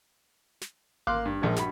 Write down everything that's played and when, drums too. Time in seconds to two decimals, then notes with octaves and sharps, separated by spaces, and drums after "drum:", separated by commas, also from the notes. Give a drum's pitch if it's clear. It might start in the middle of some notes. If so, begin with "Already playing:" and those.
0.61 drum: snare
1.07 A#3 F5 C6 D6 F#6, drum: kick G#1
1.25 G2
1.42 A#1 F3 G#3
1.56 G2 F#4 B5, drum: snare